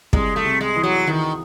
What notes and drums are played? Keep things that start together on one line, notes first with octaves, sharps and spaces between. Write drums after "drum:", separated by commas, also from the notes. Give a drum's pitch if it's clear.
C2 G#3, drum: kick
A3
C3
G#3
E3
F#3
D#3 E3